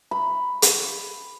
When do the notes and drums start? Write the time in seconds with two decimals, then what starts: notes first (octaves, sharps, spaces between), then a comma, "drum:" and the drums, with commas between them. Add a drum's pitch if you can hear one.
0.11 B5
0.62 drum: hi-hat